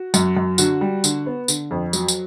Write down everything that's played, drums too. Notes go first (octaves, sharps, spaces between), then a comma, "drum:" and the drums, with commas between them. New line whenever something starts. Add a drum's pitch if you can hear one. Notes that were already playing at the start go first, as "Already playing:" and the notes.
Already playing: F#4
F#2, drum: tambourine
F#2
D3 F#4, drum: tambourine
G3
D3, drum: tambourine
B3
D3, drum: tambourine
F2
F#3, drum: tambourine
drum: tambourine